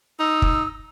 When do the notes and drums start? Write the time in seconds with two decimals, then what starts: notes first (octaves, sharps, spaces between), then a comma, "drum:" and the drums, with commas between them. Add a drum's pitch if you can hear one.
0.20 D#4 E6
0.42 drum: kick